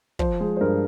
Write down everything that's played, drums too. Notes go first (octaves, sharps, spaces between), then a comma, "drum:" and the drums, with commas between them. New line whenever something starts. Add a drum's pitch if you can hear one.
F3 C5, drum: kick
G#3
C5
G2 A#4